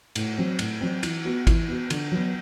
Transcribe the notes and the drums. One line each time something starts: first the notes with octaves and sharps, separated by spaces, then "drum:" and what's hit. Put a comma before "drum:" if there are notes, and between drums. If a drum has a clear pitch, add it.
A2, drum: cymbal
F#3 C4
A2, drum: cymbal
F#3 C4
E3, drum: cymbal
B3 F#4
E3, drum: kick G#1, cymbal
B3 F#4
D3, drum: cymbal
F#3 B3